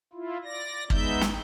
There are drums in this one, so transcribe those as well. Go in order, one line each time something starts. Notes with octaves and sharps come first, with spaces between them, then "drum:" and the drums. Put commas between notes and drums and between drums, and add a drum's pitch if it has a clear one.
E4 F4
D5 A#6
G#3 B3 D#4 E5 G6, drum: kick
drum: snare